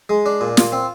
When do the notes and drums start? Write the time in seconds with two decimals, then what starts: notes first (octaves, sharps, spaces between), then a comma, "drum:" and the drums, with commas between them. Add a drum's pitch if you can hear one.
0.09 G#3
0.26 D4
0.41 A#2
0.57 F4, drum: snare
0.72 C4